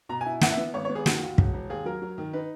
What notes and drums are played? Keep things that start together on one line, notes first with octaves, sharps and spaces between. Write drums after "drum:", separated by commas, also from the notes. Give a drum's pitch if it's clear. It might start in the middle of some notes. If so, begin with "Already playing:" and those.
B2 A#5
G#5
E4
E3 F#5, drum: snare
E5
B3
G#1 C#5
B3 C#5
G#4
D#3 F#4, drum: snare
D#2
E1, drum: kick
E1
D#2 G#4
F#3 A#4
F#3
D#3
D#4 B4